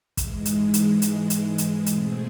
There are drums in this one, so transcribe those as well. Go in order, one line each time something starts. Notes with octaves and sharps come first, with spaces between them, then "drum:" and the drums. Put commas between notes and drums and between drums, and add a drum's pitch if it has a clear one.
G#2 E3 G#3, drum: kick, hi-hat
drum: hi-hat
drum: hi-hat
drum: hi-hat
drum: hi-hat
drum: hi-hat
B2 A3 C4 G#4, drum: hi-hat